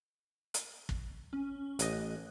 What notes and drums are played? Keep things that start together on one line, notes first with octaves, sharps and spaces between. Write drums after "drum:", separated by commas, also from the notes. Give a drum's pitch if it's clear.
drum: hi-hat
drum: kick
C#4
A1 D#5 F#6, drum: hi-hat